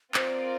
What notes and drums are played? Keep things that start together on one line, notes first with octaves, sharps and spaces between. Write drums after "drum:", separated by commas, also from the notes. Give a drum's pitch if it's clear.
C4 F4 A#4 C5 D5, drum: clap